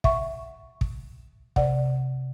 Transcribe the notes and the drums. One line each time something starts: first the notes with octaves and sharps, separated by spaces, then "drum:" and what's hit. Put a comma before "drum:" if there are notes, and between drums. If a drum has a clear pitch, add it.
E5 F#5 C#6, drum: kick
drum: kick
C3 D5 F#5, drum: kick